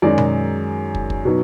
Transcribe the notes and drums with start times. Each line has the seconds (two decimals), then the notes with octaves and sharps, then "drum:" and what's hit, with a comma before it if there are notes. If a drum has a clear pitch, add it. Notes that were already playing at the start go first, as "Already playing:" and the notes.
0.02 F#2 D#3 G#3 D#4 D5
0.18 drum: tom B2
0.95 drum: kick
1.10 drum: kick
1.25 B2 F#3 B3 D#4